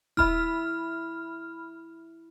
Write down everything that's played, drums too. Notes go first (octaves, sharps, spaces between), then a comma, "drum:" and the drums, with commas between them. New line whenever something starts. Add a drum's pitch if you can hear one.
E4 E5 B5 F6, drum: kick D#1